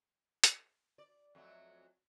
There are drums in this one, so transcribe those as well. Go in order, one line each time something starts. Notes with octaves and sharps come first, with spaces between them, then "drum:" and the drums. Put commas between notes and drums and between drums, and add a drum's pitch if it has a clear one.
drum: hi-hat
D5
F2 F#3 A3